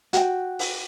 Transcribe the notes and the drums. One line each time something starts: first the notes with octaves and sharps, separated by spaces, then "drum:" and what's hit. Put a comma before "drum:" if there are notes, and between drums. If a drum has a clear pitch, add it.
F#4 G5, drum: hi-hat
drum: open hi-hat